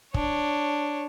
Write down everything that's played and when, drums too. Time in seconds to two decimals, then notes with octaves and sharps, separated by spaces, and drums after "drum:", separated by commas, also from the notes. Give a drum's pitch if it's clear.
0.14 D4 C#5, drum: kick